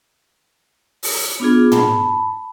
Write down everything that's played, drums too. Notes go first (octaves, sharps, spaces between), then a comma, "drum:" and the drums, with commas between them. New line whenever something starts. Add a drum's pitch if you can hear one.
drum: open hi-hat
B3 D4 F4 G#4
A5 B5, drum: tom